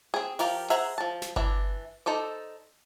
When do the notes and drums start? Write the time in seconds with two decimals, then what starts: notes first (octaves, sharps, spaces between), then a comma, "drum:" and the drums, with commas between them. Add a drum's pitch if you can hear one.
0.14 C4 G#4
0.39 F3 G4 A#4 F5, drum: open hi-hat
0.70 G#4 C5 E5 F#5 A#5, drum: open hi-hat
0.98 F3 A5
1.22 drum: snare
1.36 E3 D4 E5, drum: kick G1
2.06 D#4 A4 C5 D5